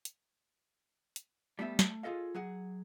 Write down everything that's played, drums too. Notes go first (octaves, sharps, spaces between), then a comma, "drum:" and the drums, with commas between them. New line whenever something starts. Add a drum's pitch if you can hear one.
drum: hi-hat
drum: hi-hat
G3 A3 B3 E5
A3, drum: snare
F4 G#4 A4 D#5 F5
F#3 G#4 F#5